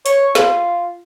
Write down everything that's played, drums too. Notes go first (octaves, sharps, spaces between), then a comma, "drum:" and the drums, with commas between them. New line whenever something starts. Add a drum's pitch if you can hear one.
C#5, drum: hi-hat
F4, drum: snare